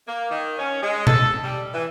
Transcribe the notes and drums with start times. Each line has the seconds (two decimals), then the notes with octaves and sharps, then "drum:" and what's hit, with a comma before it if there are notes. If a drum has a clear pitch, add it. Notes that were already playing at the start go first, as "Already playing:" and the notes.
0.08 A#3
0.31 D#3
0.59 C#4
0.82 G#3
1.07 A4, drum: tom B2
1.43 G3
1.74 E3